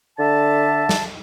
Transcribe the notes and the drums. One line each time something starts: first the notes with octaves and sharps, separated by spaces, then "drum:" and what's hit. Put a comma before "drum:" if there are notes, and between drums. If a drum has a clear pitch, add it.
D3 E5 A5
drum: snare